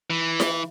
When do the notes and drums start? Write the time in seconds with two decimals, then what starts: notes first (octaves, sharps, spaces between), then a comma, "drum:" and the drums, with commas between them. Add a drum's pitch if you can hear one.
0.10 E3
0.40 drum: snare E4